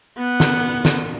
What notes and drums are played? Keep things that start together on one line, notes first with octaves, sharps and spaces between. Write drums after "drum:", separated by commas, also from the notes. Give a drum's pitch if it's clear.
B3 F#5
drum: snare
drum: snare